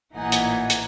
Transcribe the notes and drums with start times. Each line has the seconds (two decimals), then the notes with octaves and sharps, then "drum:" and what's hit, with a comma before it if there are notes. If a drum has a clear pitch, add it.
0.13 A1 A#2 E3 D#4 F#5 G#5
0.32 drum: hi-hat
0.70 drum: hi-hat